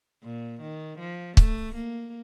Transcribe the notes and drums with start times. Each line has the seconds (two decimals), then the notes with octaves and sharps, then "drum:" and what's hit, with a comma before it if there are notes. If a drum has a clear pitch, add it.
0.23 A#2
0.61 D#3
0.99 F3
1.37 A3, drum: kick
1.75 A#3